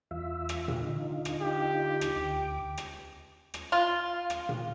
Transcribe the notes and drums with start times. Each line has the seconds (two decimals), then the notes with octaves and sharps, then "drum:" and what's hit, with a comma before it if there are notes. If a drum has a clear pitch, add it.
0.11 E2 F4 E5
0.49 drum: rim click
0.68 drum: tom A#2
0.80 D3 D#4 F4
1.25 drum: rim click
1.41 G4
2.01 drum: rim click
2.16 D2 D6
2.78 drum: rim click
3.54 drum: rim click
3.72 F4
4.30 drum: rim click
4.49 drum: tom A#2